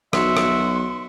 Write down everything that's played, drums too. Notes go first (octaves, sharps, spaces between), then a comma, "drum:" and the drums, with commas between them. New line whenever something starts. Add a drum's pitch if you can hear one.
B1 F#4 E5 C6, drum: rim click
drum: rim click